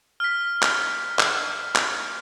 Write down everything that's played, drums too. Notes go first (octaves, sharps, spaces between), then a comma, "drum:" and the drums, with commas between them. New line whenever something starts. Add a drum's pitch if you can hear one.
F6 B6
drum: clap
drum: clap
drum: clap